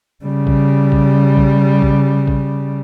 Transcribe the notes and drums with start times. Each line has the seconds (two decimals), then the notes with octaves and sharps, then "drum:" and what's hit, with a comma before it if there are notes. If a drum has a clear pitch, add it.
0.24 C#3 G3
0.47 drum: kick A#1
0.92 drum: kick A#1
1.37 drum: kick A#1
1.82 drum: kick A#1
2.27 drum: kick A#1